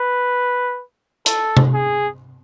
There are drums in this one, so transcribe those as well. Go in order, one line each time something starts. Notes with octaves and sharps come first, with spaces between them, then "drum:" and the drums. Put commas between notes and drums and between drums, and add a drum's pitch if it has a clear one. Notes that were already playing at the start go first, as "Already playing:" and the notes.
Already playing: B4
A4, drum: hi-hat
drum: tom C3
G#4